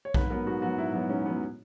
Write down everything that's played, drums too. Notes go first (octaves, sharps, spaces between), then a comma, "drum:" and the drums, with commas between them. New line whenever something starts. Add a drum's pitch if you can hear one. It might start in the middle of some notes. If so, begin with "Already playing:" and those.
C#5
G#2 B4, drum: kick B1
F#3 B3 A#4
G#2 F#4
F#3 B3 F#4
G#2 E4
F#3 B3
G#2 C#4
F#3 B3